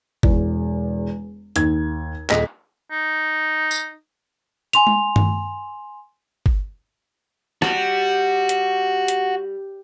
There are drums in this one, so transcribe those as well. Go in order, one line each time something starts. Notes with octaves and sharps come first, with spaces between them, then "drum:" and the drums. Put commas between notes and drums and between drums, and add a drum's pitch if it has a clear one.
E1 E2, drum: kick G1
D#2 G#6, drum: hi-hat
D#1 G#4 D#5 A#6 B6, drum: clap
D#4
drum: tambourine
G#5 C6 F7, drum: hi-hat
drum: tom G#3
drum: tom G2
drum: kick G1
G3 F#4, drum: rim click
drum: hi-hat
drum: hi-hat